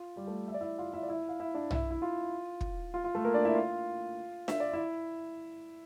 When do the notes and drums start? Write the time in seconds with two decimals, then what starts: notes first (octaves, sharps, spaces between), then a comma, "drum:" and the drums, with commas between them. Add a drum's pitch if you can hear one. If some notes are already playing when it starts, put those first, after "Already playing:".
Already playing: F4
0.16 G3 G4
0.27 A3 A4
0.48 E5
0.54 D5
0.61 E4 E5
0.78 F4 F5
0.93 E4 E5
1.03 D5
1.09 E4 E5
1.29 F5
1.40 E4 E5
1.55 D4 D5
1.71 E4 E5, drum: tom B1
1.91 E4
2.02 F4
2.61 drum: kick
2.94 F4
3.04 F4
3.15 A3 A4
3.25 A#3 A#4
3.34 D4 D5
3.45 E4 E5
3.55 F4 F5
4.48 E5, drum: snare D4
4.60 D5
4.73 E4 E5